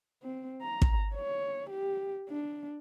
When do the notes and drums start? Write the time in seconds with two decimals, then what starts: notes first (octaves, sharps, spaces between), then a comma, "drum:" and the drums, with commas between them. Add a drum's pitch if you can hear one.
0.22 C4
0.62 A#5
0.82 drum: kick
1.15 C#5
1.70 G4
2.30 D4